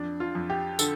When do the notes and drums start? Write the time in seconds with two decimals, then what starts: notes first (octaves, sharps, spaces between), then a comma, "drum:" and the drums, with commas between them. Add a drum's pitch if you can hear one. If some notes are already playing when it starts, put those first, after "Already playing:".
Already playing: F2 D4
0.20 F4
0.35 F2
0.50 G4
0.79 D3 A4, drum: tambourine